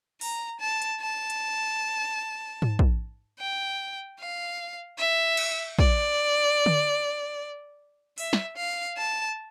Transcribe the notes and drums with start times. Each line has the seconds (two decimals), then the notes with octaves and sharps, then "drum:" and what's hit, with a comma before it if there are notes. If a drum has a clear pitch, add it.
0.21 A#5, drum: open hi-hat
0.60 A5
0.82 drum: hi-hat
1.01 A5
1.30 drum: hi-hat
2.62 drum: tom G#2
2.79 drum: kick
3.39 G5
4.19 F5
4.98 E5
5.37 drum: cymbal
5.79 D5, drum: kick
6.66 drum: tom D3
8.18 E5, drum: open hi-hat
8.33 drum: snare
8.57 F5
8.97 A5